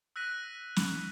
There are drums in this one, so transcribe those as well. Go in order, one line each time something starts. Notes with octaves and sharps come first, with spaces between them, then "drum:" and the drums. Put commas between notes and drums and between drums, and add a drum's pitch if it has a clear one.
E6 F#6 A#6 B6 D#7
drum: snare